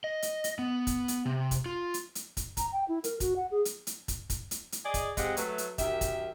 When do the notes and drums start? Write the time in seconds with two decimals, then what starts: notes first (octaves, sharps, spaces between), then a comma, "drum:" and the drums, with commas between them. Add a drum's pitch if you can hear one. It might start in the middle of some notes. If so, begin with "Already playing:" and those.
0.04 D#5
0.22 drum: hi-hat
0.44 drum: hi-hat
0.59 B3
0.87 drum: kick, hi-hat
1.08 drum: hi-hat
1.26 C3
1.51 drum: kick, hi-hat
1.66 F4
1.94 drum: hi-hat
2.15 drum: hi-hat
2.37 drum: kick, hi-hat
2.57 A#5, drum: kick, hi-hat
2.72 G5
2.88 E4
3.04 A#4, drum: hi-hat
3.20 F#4, drum: kick, hi-hat
3.36 F#5
3.51 G#4
3.65 drum: hi-hat
3.87 drum: hi-hat
4.08 drum: kick, hi-hat
4.30 drum: kick, hi-hat
4.51 drum: hi-hat
4.72 drum: hi-hat
4.84 G#4 D5 D#5
4.94 drum: kick, hi-hat
5.17 G#3 C4 G4 D#5 F5 F#5, drum: kick, hi-hat
5.37 F#3 A3 B4, drum: hi-hat
5.58 drum: hi-hat
5.78 F#2 D#3 G4 E5, drum: kick, hi-hat
6.01 drum: kick, hi-hat